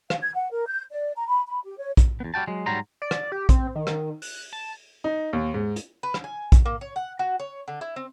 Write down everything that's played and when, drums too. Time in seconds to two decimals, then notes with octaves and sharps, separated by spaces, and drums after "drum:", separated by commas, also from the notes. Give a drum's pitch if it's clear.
0.10 F5, drum: rim click
0.21 G#6
0.35 F#5
0.52 A#4
0.66 G6
0.91 D5
1.16 A#5
1.28 B5
1.47 B5
1.64 G4
1.78 C#5
1.97 drum: kick A#1, hi-hat
2.20 E2 B3
2.34 G3 F#4 G5 A5
2.47 F#3 G#3
2.66 G#2 F#3 G3 A#5 C6
3.02 D5
3.11 drum: rim click
3.32 G4
3.49 C4, drum: kick A#1, hi-hat
3.76 D#3
3.87 drum: rim click
4.22 F#6, drum: open hi-hat
4.53 A5
5.04 D#4
5.33 D#2
5.54 G#2
5.76 drum: hi-hat
6.03 B4
6.14 drum: rim click
6.24 G#5
6.52 drum: kick A#1, hi-hat
6.66 A#3
6.81 C#5
6.96 F#5
7.19 F#4
7.40 C#5
7.68 D3
7.81 E4
7.96 C4